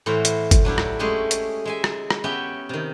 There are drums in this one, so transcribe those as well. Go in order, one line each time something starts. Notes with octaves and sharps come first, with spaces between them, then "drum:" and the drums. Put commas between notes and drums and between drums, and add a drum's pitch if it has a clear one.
A2 E3 F#4 C5 F5
drum: hi-hat
drum: kick, hi-hat
F#3 D4 E4 G4
drum: rim click
G#3 A3 C#4 G4 G#4 G#5
drum: hi-hat
G#3 E5 G#5
drum: rim click
drum: rim click
B3 C#4 G4 E5 G5
C3 D#3